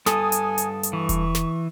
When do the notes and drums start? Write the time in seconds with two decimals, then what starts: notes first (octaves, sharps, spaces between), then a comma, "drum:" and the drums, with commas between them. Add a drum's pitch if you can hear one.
0.06 G2 A4 G#5 D#6, drum: snare
0.32 drum: hi-hat
0.58 drum: hi-hat
0.83 drum: hi-hat
0.93 E3 C#6
1.09 drum: kick E1, hi-hat
1.35 drum: snare